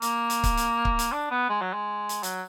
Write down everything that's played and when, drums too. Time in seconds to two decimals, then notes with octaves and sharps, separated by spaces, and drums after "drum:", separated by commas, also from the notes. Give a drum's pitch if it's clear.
0.02 A#3, drum: hi-hat
0.30 drum: hi-hat
0.43 drum: kick C#1, hi-hat
0.57 drum: hi-hat
0.85 drum: kick C#1
0.99 drum: hi-hat
1.12 D4
1.31 B3
1.49 G#3
1.61 F#3
1.74 G#3
2.09 drum: hi-hat
2.23 F#3, drum: hi-hat